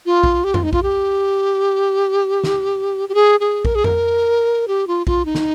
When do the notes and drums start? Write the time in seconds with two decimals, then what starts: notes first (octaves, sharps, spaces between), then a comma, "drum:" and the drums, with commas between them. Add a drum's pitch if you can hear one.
0.06 F4
0.24 drum: kick A#1
0.44 G4
0.54 F4, drum: tom F2
0.63 D#4
0.73 F4, drum: kick A#1
0.83 G4
2.44 drum: snare
3.09 G4
3.14 G#4
3.40 G#4
3.65 A#4, drum: kick A#1
3.75 G#4
3.84 A#4, drum: tom F2
4.68 G4
4.87 F4
5.07 F4, drum: kick A#1
5.25 D#4
5.35 drum: snare